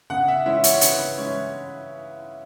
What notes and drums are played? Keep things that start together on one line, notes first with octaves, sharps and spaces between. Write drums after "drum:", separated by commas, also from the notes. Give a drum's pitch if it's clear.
C#3 F#5
E5
E3 G#3 C#4 E4 E5
C#5, drum: hi-hat
C#3 B4, drum: hi-hat
B4
E3 G#3 C#4 E4 C#5